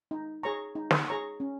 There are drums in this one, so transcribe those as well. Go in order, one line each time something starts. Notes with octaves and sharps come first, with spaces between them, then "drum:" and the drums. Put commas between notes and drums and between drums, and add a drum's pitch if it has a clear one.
D#4
G#4 C#5 A#5 C#6
D#4
drum: snare
G#4 C#5 A#5 C#6
C#4